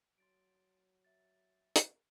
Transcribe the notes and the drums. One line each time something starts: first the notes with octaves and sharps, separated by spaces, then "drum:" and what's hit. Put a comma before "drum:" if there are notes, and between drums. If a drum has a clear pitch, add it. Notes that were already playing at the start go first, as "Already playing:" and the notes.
F#3 C6 A6 D7
E5 A6
drum: hi-hat